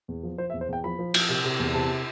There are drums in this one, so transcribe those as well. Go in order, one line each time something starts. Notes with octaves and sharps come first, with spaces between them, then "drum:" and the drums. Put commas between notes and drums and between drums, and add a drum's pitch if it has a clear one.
E2
F3
F3 C5
E5
E2
C5
E2 G5
F3 B5
F3
F3, drum: cymbal
C3
C3
E2
C3 A5